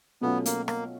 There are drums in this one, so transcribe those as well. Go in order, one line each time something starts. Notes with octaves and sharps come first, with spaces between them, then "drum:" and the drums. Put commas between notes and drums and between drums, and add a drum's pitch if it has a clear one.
B2 F#3 A3 B3 C#4 F4
A#3, drum: hi-hat
A#3, drum: rim click